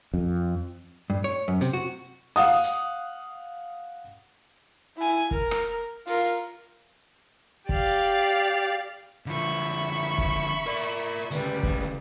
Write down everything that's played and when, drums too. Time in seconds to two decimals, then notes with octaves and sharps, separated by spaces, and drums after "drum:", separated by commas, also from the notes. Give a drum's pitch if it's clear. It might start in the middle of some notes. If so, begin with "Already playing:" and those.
0.14 F2
1.10 G2
1.24 C#5
1.48 F#2
1.61 C3, drum: hi-hat
1.73 F#4
2.36 F5 F#5 D#6, drum: open hi-hat
2.64 drum: hi-hat
4.97 E4 G#5
5.31 A#4, drum: kick
5.51 drum: rim click
6.07 F4 A#4, drum: open hi-hat
7.69 G4 D5 F5, drum: kick
9.26 D3 F3 E5 B5 C#6
10.18 drum: kick
10.66 A#4 D5
11.31 D2 C#3 G3 B4, drum: hi-hat
11.63 drum: kick